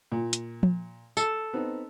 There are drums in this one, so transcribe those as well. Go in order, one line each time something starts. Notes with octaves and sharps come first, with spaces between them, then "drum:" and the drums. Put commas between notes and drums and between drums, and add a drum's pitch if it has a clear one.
A#2
drum: hi-hat
drum: tom F3
A4, drum: tambourine
B3 C4 D#4